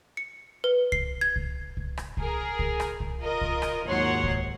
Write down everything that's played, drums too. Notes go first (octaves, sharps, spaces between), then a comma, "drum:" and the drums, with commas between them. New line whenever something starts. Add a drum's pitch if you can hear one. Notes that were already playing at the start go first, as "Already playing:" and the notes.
C#7
B4
C7, drum: kick C2
G#6
drum: kick C2
drum: kick C2
drum: rim click
G#4 A#4, drum: kick C2
drum: kick C2
drum: rim click
drum: kick C2
F4 A#4 D#5
drum: kick C2
drum: rim click
D#2 G#2 F#3 C#5 F#5 C6
drum: kick C2